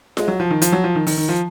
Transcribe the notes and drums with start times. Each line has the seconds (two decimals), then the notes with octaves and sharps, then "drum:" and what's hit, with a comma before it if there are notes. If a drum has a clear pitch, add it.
0.17 G#3, drum: snare F4
0.28 F#3
0.40 F3
0.51 D#3
0.62 F3, drum: hi-hat
0.72 F#3
0.84 F3
0.95 D#3
1.07 D#3, drum: open hi-hat
1.17 D#3
1.29 F3